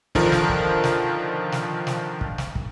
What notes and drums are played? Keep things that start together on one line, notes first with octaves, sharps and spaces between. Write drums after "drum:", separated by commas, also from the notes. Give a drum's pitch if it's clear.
D3 D#3 F3 A#4, drum: kick
drum: snare
drum: kick
drum: snare
drum: snare
drum: snare
drum: kick
drum: snare
drum: kick